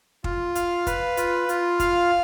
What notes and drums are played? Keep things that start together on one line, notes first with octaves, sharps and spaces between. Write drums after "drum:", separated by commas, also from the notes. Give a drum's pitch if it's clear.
F4, drum: kick
F5, drum: hi-hat
B4, drum: kick, hi-hat
F4, drum: hi-hat
F4, drum: hi-hat
F5, drum: kick, hi-hat